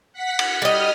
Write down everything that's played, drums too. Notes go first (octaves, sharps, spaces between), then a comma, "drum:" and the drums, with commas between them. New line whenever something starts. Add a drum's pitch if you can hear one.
F#5 B6
drum: cymbal
G3 D#5 D#6 F6